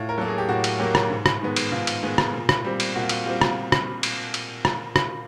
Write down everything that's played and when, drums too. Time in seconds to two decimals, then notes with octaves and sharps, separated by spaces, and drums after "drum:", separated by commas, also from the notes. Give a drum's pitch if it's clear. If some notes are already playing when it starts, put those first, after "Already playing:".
Already playing: A2 F4
0.09 A#4
0.18 F#3 A#3 A4
0.28 G#4
0.38 G4
0.49 A2 F#4
0.64 drum: cymbal
0.79 F#3 A#3 G4
0.95 drum: rim click
1.10 G#2
1.26 drum: rim click
1.41 D#3 G#3 B3
1.56 drum: cymbal
1.72 G#2 F4
1.87 drum: cymbal
2.03 D#3 G#3 B3
2.18 drum: rim click
2.34 A#2
2.49 drum: rim click
2.64 G3 C4
2.80 drum: cymbal
2.95 A#2 F#4
3.02 F4
3.09 F#4, drum: cymbal
3.26 G3 C4 F4
3.41 drum: rim click
3.72 drum: rim click
4.03 drum: cymbal
4.34 drum: cymbal
4.65 drum: rim click
4.96 drum: rim click